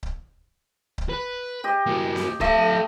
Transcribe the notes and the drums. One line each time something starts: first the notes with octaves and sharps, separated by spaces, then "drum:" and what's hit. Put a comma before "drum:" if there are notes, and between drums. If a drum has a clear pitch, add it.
drum: kick C#1
drum: kick C#1
B4
G4 D#5
A#3 F#4
drum: snare C4
A3 A4 D#5 F5, drum: kick C#1